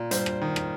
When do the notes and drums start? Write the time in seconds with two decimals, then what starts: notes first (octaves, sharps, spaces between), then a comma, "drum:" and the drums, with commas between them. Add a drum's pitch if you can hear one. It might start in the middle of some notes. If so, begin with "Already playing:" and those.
Already playing: A#2
0.11 G2 C5, drum: hi-hat
0.26 drum: rim click
0.41 D#3
0.56 drum: rim click